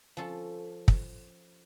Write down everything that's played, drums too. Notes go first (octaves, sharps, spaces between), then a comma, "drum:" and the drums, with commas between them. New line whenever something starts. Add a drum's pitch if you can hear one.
F3 C#4 A4
drum: kick